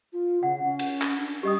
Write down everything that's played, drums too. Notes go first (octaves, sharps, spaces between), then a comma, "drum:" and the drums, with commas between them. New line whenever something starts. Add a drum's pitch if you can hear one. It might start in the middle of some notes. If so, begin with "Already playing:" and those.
F4
C#3 F#5
C#4
drum: cymbal
drum: clap
D4
G3 G4 D#5 D#6